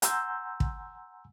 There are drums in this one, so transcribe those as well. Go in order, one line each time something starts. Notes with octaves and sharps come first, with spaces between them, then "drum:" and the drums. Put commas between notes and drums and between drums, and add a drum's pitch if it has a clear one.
F#5 G#5 A#5 C6 E6 G6, drum: hi-hat
drum: kick